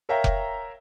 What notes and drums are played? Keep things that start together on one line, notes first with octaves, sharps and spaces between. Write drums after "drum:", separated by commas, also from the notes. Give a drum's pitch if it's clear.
A#4 C#5 E5 F5 G5 A#5
drum: kick F1